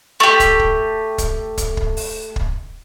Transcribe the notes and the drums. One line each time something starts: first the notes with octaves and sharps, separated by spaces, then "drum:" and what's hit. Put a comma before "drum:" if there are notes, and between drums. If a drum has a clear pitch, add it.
A3 G4
drum: kick, hi-hat
drum: kick
drum: kick, hi-hat
drum: kick, hi-hat
drum: kick
drum: open hi-hat
drum: kick